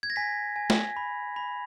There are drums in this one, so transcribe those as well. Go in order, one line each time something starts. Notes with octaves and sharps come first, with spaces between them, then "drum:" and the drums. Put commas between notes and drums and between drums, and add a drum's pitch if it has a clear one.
G#6
A#6
G#5 B6
G#5
drum: snare
B5
B5